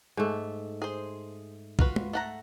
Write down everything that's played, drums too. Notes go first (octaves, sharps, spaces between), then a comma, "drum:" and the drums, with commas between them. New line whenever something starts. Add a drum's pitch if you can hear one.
G#2 A3
G#4 C5
F4 F#4 B4, drum: kick B1
drum: tom G#3
A3 F#5 A#5